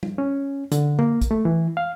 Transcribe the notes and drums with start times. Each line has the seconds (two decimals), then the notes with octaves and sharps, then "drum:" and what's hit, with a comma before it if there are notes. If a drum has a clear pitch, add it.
0.03 drum: tom G3
0.18 C#4
0.72 D3, drum: hi-hat
0.99 A#3, drum: tom D3
1.21 drum: kick, hi-hat
1.31 A3
1.45 E3
1.77 F5